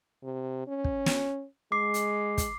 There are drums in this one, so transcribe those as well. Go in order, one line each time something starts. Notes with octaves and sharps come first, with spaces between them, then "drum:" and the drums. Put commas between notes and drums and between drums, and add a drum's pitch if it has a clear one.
C3
C#4
drum: kick
drum: snare
G#3 D6 C7
drum: hi-hat
drum: kick, hi-hat